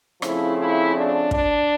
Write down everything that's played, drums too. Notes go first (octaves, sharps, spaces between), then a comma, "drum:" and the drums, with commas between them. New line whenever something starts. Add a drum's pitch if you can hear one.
C#3 F3 A3 C4 E4, drum: rim click
E4
D4
D4, drum: kick